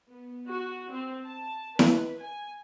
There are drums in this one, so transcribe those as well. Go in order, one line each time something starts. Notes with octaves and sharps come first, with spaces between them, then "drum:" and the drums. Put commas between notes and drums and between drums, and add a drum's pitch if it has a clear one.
B3
F#4
C4
A5
B4, drum: snare E4
G#5